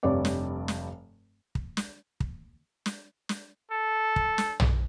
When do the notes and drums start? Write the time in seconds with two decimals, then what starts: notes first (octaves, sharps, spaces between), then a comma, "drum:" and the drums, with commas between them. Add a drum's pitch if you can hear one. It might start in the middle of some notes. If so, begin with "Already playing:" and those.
0.03 F1 G2 C#5 D5 D6
0.25 drum: snare
0.68 drum: snare
1.55 drum: kick
1.77 drum: snare
2.20 drum: kick
2.86 drum: snare
3.29 drum: snare
3.71 A4
4.16 drum: kick
4.38 drum: snare
4.60 drum: tom